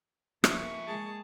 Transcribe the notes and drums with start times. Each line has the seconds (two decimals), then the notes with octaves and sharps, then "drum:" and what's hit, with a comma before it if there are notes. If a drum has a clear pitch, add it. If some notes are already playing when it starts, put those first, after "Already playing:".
0.44 F3 A#3 E5 C#6, drum: rim click
0.87 G#3 A#3 G#4 A5